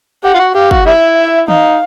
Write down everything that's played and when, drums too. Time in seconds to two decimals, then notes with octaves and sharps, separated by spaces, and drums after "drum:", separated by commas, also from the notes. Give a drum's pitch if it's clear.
0.24 G4 F#5
0.34 F4
0.39 F#4
0.55 G4 F5
0.71 F#4, drum: kick
0.86 G3 E4 E5
1.17 E5
1.48 D#4 F5, drum: tom D#3